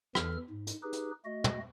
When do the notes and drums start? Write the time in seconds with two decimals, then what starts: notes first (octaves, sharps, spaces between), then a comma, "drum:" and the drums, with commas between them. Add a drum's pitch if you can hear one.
0.15 E2 E3 A4 F6, drum: rim click
0.50 G#2
0.67 drum: hi-hat
0.83 D#4 G4 G#4 B4
0.93 drum: hi-hat
1.25 A3 F#4 D#5
1.44 drum: tom